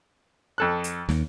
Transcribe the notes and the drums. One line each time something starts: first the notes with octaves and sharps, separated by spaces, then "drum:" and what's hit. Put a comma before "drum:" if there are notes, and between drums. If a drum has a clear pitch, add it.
F2 A4 F#6
drum: hi-hat
D#2, drum: snare